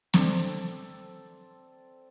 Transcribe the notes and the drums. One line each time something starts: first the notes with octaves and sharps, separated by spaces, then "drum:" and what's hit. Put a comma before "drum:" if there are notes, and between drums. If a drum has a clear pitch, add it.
C4 A4 D5, drum: snare